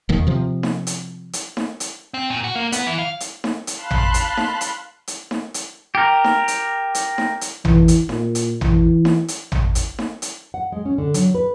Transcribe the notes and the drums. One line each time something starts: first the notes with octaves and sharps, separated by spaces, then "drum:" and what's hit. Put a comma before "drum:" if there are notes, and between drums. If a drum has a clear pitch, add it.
E1 D#2 D#3
C3 F3
drum: snare D#4
drum: hi-hat
drum: hi-hat
drum: snare D#4
drum: hi-hat
C4
A#2
F#4
A#3
B3, drum: hi-hat
E3
F5
drum: hi-hat
drum: snare D#4
drum: hi-hat
F5 A5 B5 C6 F#6
drum: tom
drum: hi-hat
drum: snare D#4
drum: hi-hat
drum: hi-hat
drum: snare D#4
drum: hi-hat
G4 A#4
drum: snare D#4
drum: hi-hat
drum: hi-hat
drum: snare D#4
drum: hi-hat
E3, drum: tom
drum: hi-hat
A#2, drum: snare D#4
drum: hi-hat
E3, drum: tom
drum: snare D#4
drum: hi-hat
drum: tom
drum: hi-hat
drum: snare D#4
drum: hi-hat
F#5
G#3
C#4
D3
F#3, drum: hi-hat
B4